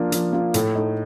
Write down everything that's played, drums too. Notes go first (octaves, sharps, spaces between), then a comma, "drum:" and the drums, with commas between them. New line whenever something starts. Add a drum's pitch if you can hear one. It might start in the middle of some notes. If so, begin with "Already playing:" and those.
Already playing: F3 A#3 D4 F4
F3, drum: hi-hat
A#3 D4 F4
A2 A4, drum: hi-hat
A3 D#4